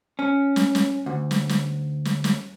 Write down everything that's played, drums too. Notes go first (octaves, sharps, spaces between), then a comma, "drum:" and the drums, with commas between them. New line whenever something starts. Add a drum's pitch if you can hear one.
C#4
drum: snare
drum: snare
D2
drum: snare
drum: snare
drum: snare
drum: snare